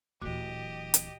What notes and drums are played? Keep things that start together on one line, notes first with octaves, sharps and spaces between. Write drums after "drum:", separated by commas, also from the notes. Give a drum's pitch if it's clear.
D1 A#2 E3 F#4 G4 D#5
drum: hi-hat